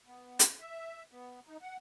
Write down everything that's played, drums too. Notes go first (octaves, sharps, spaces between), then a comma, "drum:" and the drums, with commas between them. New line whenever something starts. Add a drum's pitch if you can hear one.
B3
drum: hi-hat
E5
B3
D#4
F#5